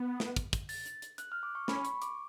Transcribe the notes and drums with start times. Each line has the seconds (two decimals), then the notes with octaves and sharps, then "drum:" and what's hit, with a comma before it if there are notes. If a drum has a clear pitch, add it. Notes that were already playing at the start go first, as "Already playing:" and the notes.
Already playing: B3
0.20 drum: snare
0.36 drum: kick, hi-hat
0.53 drum: kick, hi-hat
0.69 A6, drum: open hi-hat
0.86 drum: hi-hat
1.02 drum: hi-hat
1.18 F#6, drum: hi-hat
1.32 F6
1.43 D6
1.55 C#6
1.68 C#4 B5, drum: snare
1.85 C#6, drum: hi-hat
2.02 D6, drum: hi-hat